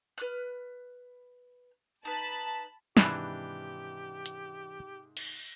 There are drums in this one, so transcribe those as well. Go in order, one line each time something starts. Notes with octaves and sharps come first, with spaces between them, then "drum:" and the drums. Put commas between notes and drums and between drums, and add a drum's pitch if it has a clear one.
B4 F6 F#6
D#4 B4 A5 B5
G#2 C3 D#3 E3 D4 G4 B5 F#6, drum: snare
drum: hi-hat
drum: cymbal